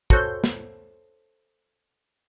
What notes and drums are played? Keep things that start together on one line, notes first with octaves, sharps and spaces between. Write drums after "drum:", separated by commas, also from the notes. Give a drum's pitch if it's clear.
F#4 A4 C5 C#5 G6, drum: kick
drum: snare